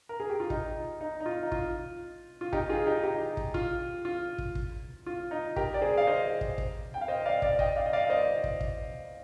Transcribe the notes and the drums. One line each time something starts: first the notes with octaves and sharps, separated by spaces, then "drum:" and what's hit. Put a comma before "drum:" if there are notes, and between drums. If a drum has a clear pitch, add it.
A#4
G#4
G4
F4
D#4, drum: kick
D#4
D#4
F4
D#4
F4, drum: kick
F4
D#4 G4, drum: kick
F4 G#4
D#4 G4
D#4 G4
drum: kick
F4, drum: kick
F4
drum: kick
drum: kick
F4
D#4
G4 A#4, drum: kick
D5
G#4 C5
F5
C5 D#5
drum: kick
drum: kick
G5
F5
C5 D#5
D5 F5
D5 F5, drum: kick
D#5 G5, drum: kick
D5 F5
D#5
D5 F5
F5
C5 D#5
drum: kick
drum: kick